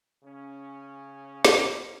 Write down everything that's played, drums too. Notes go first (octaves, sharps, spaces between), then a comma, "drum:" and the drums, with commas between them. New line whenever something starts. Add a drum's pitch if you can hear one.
C#3 C#4
drum: snare